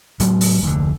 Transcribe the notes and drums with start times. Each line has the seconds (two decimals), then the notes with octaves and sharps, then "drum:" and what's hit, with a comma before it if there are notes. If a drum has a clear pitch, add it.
0.20 A2 F#3 G#3 B3, drum: hi-hat
0.41 drum: open hi-hat
0.62 F1 D2 A#2 D3